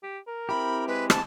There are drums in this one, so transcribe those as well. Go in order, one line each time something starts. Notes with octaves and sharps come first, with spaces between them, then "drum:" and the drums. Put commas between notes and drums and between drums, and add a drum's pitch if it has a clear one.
G4
A#4
C4 E4 G4 B5
G#3 B4
A5, drum: rim click